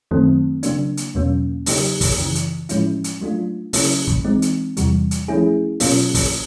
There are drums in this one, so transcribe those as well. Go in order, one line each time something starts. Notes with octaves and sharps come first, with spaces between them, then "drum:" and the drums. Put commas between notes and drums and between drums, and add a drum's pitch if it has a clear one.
F#2 D#3 F#3 A3 C4
C#3 F#3 A#3 D4, drum: hi-hat
drum: hi-hat
E2 B2 F#3 A#3 C#4
C#3 F#3 A#3 D#4 G4, drum: open hi-hat
drum: kick, open hi-hat
F#2 C#3 E3
drum: hi-hat
A2 F3 G#3 C#4 E4, drum: hi-hat
drum: hi-hat
F#3 A3 D4 F4
C#3 F#3 A#3 C#4 E4, drum: open hi-hat
drum: kick
E3 G#3 C4 D#4
drum: hi-hat
E2 C3 E3 G3, drum: hi-hat
drum: hi-hat
F3 A3 C#4 E4 G#4
B2 F#3 A#3 C#4 F4, drum: open hi-hat
drum: kick, open hi-hat